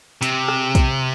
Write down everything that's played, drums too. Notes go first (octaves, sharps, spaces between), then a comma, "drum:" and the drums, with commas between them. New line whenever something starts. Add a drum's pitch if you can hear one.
C3, drum: hi-hat
drum: rim click
drum: kick, hi-hat